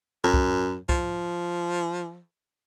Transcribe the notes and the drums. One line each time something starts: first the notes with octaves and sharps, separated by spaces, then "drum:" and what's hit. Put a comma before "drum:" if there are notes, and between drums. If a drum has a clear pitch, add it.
F#2
drum: kick C2
F3, drum: kick C2